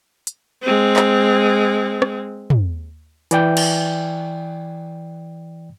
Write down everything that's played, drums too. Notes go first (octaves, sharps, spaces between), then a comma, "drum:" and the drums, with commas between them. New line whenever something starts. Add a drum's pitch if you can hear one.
drum: hi-hat
G#3 C4
drum: clap
drum: rim click
drum: tom
E3 D5 G5 G6, drum: hi-hat
drum: cymbal